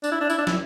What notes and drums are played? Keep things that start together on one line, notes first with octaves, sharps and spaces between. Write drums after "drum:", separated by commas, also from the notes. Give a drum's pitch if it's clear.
D4, drum: tambourine
E4
D4
E4, drum: tambourine
D4
E4, drum: snare